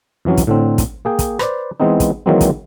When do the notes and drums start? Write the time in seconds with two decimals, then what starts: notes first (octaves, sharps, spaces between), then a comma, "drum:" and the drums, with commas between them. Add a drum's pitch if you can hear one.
0.25 F2 E3 F#3 C#4
0.37 drum: kick, hi-hat
0.47 A2 D3 C4
0.78 drum: kick, hi-hat
1.05 A#3 G#4 G5
1.19 drum: kick, hi-hat
1.39 B4 C5 D5, drum: rim click
1.80 E3 G#3 B3 C4 D#4
2.00 drum: kick, hi-hat
2.26 D#3 E3 F#3 G#3 A#3 C4
2.41 drum: kick, hi-hat